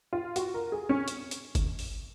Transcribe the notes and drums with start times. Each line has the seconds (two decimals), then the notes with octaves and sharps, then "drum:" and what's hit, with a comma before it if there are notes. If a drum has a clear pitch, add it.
0.13 F4
0.36 F#4, drum: hi-hat
0.54 A#4
0.72 G#4
0.89 C#4
1.08 drum: hi-hat
1.31 drum: hi-hat
1.55 drum: kick G1, hi-hat
1.79 drum: open hi-hat